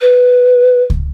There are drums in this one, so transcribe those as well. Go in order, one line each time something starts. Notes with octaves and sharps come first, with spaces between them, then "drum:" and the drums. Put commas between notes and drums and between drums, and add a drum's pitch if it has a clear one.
B4
drum: kick C#2